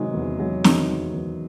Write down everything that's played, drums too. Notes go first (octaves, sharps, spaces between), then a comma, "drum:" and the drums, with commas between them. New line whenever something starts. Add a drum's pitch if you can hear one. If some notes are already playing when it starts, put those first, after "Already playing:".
Already playing: C3 D#3 F#3 G#3
E2
F#3 G#3
D#3, drum: snare
E2
E2